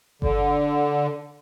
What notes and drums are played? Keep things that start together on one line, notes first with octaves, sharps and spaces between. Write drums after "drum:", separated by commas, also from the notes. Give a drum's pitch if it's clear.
D3, drum: kick G1